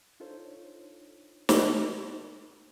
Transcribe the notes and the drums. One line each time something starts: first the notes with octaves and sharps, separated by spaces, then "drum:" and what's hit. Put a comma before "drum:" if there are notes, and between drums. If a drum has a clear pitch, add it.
D4 D#4 F4 A4 C5 C#5
drum: snare